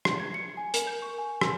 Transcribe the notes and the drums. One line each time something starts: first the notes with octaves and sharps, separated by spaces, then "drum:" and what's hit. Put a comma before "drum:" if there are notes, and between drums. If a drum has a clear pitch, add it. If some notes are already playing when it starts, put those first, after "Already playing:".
drum: rim click
G#6
C#7
G#5
A#4, drum: hi-hat
G6
C#6
G#5
E6, drum: rim click